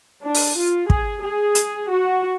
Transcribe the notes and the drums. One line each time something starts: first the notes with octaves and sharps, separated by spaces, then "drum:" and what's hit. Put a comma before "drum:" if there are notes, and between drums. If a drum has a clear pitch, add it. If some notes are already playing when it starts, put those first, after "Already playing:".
D4
drum: open hi-hat
F4
G#4, drum: kick
G#4
drum: hi-hat
F#4